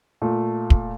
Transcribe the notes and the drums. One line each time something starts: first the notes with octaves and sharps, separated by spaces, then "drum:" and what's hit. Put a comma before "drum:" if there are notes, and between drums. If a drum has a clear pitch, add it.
A#2 A3
drum: kick